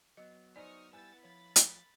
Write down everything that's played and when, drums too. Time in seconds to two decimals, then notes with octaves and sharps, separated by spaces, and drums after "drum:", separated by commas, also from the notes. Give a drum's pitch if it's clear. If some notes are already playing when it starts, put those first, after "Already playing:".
0.17 F#3 B3 D#5
0.56 D#4 C5 D5 G#5 C#6 D#6 F6
0.93 G3 B3 E4 B4 G#5 E6 A6
1.24 F3 C#5 B5 A6
1.56 drum: hi-hat